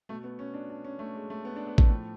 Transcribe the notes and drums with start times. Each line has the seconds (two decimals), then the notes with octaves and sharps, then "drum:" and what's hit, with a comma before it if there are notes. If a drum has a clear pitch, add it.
0.09 B2 A3
0.24 B3
0.39 C#4
0.54 D4
0.70 D4
0.84 C#4
0.99 A3
1.14 G#3
1.30 A3
1.45 B3
1.56 D4
1.67 B3
1.78 A3, drum: kick A1
1.90 A2 F3